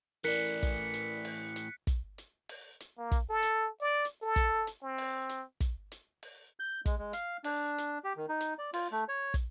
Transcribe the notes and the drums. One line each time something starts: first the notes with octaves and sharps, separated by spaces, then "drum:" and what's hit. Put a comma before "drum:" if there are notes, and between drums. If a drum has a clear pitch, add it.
A2 E3 A#4 D5 F#6 B6 C#7
drum: kick, hi-hat
drum: hi-hat
drum: open hi-hat
drum: hi-hat
drum: kick, hi-hat
drum: hi-hat
drum: open hi-hat
drum: hi-hat
A#3
drum: kick, hi-hat
A4
drum: hi-hat
D5
drum: hi-hat
A4
drum: kick, hi-hat
drum: hi-hat
C4
drum: open hi-hat
drum: hi-hat
drum: kick, hi-hat
drum: hi-hat
drum: open hi-hat
G6
G#3, drum: kick, hi-hat
G#3
F5, drum: hi-hat
D4, drum: open hi-hat
drum: hi-hat
G4
D#3
D#4
drum: hi-hat
D5
F4, drum: open hi-hat
A3
C#5
drum: kick, hi-hat